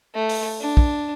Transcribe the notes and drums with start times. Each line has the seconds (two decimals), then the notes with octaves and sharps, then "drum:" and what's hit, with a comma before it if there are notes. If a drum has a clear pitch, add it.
0.15 A3
0.29 drum: open hi-hat
0.61 D4
0.77 drum: kick